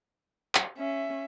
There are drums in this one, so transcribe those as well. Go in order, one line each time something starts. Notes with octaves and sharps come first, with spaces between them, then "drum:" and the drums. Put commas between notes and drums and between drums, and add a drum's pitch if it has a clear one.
drum: clap
C#4 E5